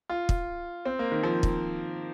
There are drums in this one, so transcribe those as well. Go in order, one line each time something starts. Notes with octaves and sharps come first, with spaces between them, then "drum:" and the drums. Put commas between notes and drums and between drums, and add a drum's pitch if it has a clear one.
F4
drum: kick
C4
A#3
D#3
F3
drum: kick